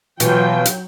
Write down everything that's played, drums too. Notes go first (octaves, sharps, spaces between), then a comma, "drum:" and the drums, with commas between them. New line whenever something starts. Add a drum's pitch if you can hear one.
B2 E3 F#3 F4 G5, drum: hi-hat
drum: hi-hat